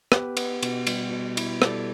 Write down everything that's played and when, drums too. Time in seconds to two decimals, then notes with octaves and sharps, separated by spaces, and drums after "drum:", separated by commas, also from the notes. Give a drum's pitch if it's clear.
0.12 B3 G4 B4, drum: rim click
0.37 B3, drum: cymbal
0.63 B2, drum: cymbal
0.87 G3, drum: cymbal
1.11 B2
1.37 E4, drum: cymbal
1.62 G3 A4 D5, drum: rim click